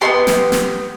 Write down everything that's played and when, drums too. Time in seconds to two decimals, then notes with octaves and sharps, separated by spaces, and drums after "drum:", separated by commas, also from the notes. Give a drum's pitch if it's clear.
0.01 B3 E4 G4 C6
0.27 drum: snare
0.52 drum: snare